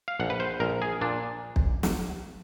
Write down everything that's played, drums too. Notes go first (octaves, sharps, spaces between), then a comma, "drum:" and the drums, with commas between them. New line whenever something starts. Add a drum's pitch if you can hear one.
F5
A#1 F#5
B4
C5
A#1 A#4
G#4
A#2 D4
drum: kick
drum: snare